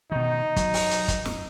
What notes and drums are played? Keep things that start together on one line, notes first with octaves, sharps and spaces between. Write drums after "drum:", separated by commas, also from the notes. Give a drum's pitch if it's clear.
B2 D#3 D#4
F#3, drum: kick, hi-hat
drum: open hi-hat
drum: hi-hat
drum: kick, hi-hat
drum: snare